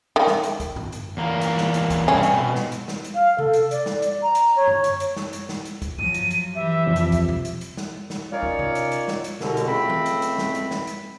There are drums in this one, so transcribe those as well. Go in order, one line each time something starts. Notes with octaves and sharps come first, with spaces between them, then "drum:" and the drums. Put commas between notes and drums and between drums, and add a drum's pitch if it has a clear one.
D#3
drum: snare
drum: hi-hat
drum: kick, hi-hat
drum: tom
drum: hi-hat
E2 A#3
drum: hi-hat
drum: snare
drum: hi-hat
drum: kick, hi-hat
G2 C4 C#4, drum: tom B2
drum: hi-hat
B2
drum: snare
drum: hi-hat
drum: snare
drum: hi-hat
F5
A4, drum: tom C3
drum: hi-hat
D5, drum: hi-hat
drum: snare
drum: hi-hat
A#5
drum: hi-hat
C#5
drum: tom
drum: hi-hat
drum: hi-hat
drum: snare
drum: hi-hat
drum: snare
drum: hi-hat
drum: kick, hi-hat
F3 F#3 D#7, drum: tom
drum: hi-hat
drum: hi-hat
E3 G4 E5
F2
drum: hi-hat
drum: kick, hi-hat
drum: tom B2
drum: hi-hat
drum: hi-hat
drum: snare
drum: snare
C#4 D#4 F4 A#4 C#5 D5
drum: kick
drum: tom C3
drum: hi-hat
drum: hi-hat
drum: snare
drum: hi-hat
C2 F#2 B2 D3, drum: snare
drum: hi-hat
C#2 A3 C4 B5
drum: tom D#3
drum: hi-hat
drum: hi-hat
drum: snare
drum: hi-hat
drum: snare
drum: hi-hat